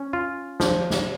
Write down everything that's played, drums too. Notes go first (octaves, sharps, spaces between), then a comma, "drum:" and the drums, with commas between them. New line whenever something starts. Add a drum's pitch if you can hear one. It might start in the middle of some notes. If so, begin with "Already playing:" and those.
Already playing: C#4
F4
F3, drum: snare
drum: snare